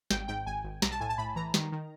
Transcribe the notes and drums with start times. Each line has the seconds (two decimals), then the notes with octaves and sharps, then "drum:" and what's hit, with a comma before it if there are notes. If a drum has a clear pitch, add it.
0.11 G#1 G5, drum: snare
0.28 G#2 G5
0.46 G#1 G#5
0.64 G#1
0.82 B1 A#5, drum: snare
0.91 A5
1.00 A2 G#5
1.09 A5
1.18 A2 B5
1.36 E3 A#5
1.54 D#3, drum: snare
1.72 D#3